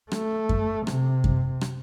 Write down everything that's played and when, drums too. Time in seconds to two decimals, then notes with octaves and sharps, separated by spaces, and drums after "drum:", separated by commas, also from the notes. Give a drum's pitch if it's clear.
0.12 A3, drum: rim click
0.49 drum: kick F#2
0.87 C3, drum: rim click
1.24 drum: kick F#2
1.61 drum: rim click